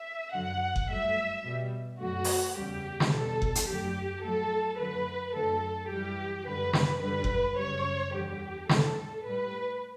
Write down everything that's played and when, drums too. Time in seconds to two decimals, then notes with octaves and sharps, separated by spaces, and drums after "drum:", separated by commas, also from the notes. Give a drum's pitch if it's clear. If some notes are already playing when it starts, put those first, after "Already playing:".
Already playing: E5
0.33 F#2 D3 F#3 F#5
0.76 drum: kick F#1
0.89 G2 F#3 A3 E5
1.45 B2 G3
2.00 F#2 D3 F#3 A3 F#4
2.24 drum: open hi-hat
2.56 E2 C#3 G3 G4
3.00 drum: snare
3.11 E2 B2 G3 A4
3.42 drum: kick F#1
3.55 drum: hi-hat
3.68 F#2 D3 F#3 A3 G4
4.23 A2 F#3 A3 A4
4.79 F#2 D3 F#3 A3 B4
5.35 F#2 D3 F#3 A3 A4
5.91 F#2 E3 G3 G4
6.47 F#2 D3 G3 B4
6.73 drum: snare
7.02 F#2 D3 G3 B4
7.24 drum: kick F#1
7.58 F#2 C#3 G3 C#5
8.14 E2 D3 G3 G4
8.69 A2 G3 A4, drum: snare
9.25 A2 G3 B4